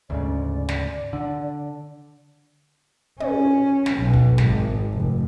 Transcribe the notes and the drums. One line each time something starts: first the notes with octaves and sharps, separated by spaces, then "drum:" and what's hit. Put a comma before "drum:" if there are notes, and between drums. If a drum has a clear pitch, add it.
D2 G#2 C#3 D5
drum: snare
D3
C#4, drum: tom
drum: snare
B1
drum: kick
G#1, drum: snare
F1